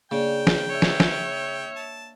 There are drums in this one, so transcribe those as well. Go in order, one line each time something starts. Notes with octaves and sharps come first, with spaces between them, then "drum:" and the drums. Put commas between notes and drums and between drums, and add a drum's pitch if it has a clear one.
C#3 A#3 D4 D5 G5
drum: snare
C#5 E5
drum: snare
drum: snare
A5